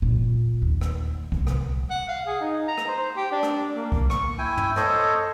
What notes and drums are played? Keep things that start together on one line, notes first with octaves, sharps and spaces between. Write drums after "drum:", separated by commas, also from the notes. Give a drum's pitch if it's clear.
A#2
D#2
drum: rim click
C2, drum: kick B1
drum: rim click
F#5
F5
G#4
D#4
A#5
drum: rim click
C5
G4
D4
drum: rim click
A#3
drum: kick B1
C#6, drum: rim click
E4 G5 G#5
drum: tom
A4 C5 C#5 D#5, drum: rim click